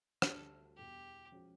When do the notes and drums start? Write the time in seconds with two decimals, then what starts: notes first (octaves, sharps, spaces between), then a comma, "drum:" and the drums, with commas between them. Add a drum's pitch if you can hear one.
0.22 D2 D3 G3 A4, drum: rim click
0.77 E2 B2 G3 G4
1.32 F3 G#3 C#4 F#4